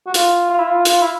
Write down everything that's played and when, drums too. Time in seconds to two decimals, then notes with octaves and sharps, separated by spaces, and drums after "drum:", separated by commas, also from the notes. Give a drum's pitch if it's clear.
0.06 F#4
0.14 F4, drum: hi-hat
0.50 F4
0.59 E4
0.67 F4
0.85 F4, drum: hi-hat
1.02 E4